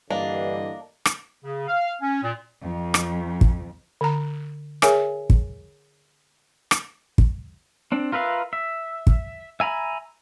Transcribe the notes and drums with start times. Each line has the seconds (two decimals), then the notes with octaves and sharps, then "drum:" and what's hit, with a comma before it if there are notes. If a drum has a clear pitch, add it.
0.10 G2 D3 E3 A#3 D4 D#5
1.05 drum: rim click
1.44 C#3
1.68 F5
2.02 C#4
2.23 A#2
2.62 F2
2.94 drum: rim click
3.41 drum: kick
4.01 D3 A#5
4.82 G#4 A#4 C#5 E5 G#5, drum: rim click
5.30 drum: kick
6.71 drum: rim click
7.18 drum: kick
7.92 C4 D4
8.12 F4 A#4 B4 E5 F5
8.53 E5
9.07 drum: kick
9.60 E5 G#5 A#5 B5